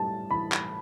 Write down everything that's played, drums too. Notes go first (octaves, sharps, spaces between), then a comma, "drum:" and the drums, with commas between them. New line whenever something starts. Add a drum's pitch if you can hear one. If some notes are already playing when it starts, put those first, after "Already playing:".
Already playing: A2 G3 A5
E3 B5
drum: clap